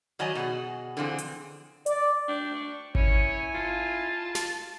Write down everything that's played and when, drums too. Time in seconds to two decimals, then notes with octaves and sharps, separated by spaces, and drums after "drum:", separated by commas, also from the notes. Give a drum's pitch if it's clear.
0.19 D#3 F#3 D5 D#5 G#5
0.35 B2 F#4 G#4
0.97 D3 E3 F3 C4 G#4
1.18 drum: hi-hat
1.86 D5, drum: hi-hat
2.28 D4 G5
2.55 C#6
2.95 C#4 E4 C#5 G#5, drum: kick G#1
3.54 F4 A5
4.35 drum: snare